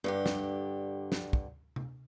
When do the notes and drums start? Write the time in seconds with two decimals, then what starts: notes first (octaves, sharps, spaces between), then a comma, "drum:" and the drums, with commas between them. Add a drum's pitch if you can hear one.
0.04 G2 D3 G4
0.26 drum: snare
1.12 drum: snare
1.33 drum: kick
1.76 drum: tom C3